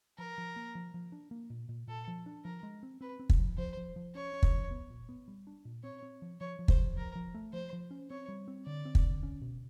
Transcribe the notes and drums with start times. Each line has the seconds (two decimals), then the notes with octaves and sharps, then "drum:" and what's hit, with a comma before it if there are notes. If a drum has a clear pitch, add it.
0.18 F3 A#4
0.38 F3
0.56 A#3
0.75 F3
0.94 F3
1.12 D4
1.31 A#3
1.50 A#2
1.69 A#2
1.88 A#2 A4
2.08 F3
2.26 D4
2.44 F3 A#4
2.63 G#3
2.83 C4
3.01 C4 B4
3.20 C4
3.30 drum: kick
3.39 F3
3.58 F3 C5
3.77 F3
3.96 F3
4.14 C#4 C#5
4.33 C#4
4.43 drum: kick
4.52 F3
4.71 B3
4.90 A#2
5.09 B3
5.28 G3
5.47 D4
5.65 A#2
5.83 C4 C#5
6.03 C4
6.22 F3
6.40 F3 C#5
6.59 F3
6.68 C5, drum: kick
6.78 F3
6.96 F3 A#4
7.16 F3
7.34 A3
7.53 F3 C5
7.73 F3
7.91 C#4
8.10 C4 C#5
8.28 G3
8.48 C4
8.66 D3 D5
8.85 C4
8.95 drum: kick
9.04 D3
9.23 C#4
9.42 B2